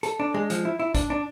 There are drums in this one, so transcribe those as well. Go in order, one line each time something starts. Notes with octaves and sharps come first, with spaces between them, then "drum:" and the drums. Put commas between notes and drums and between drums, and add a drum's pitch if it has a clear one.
A4, drum: hi-hat
D4
G#3
F3, drum: hi-hat
E4
E4
D4, drum: kick, hi-hat
D4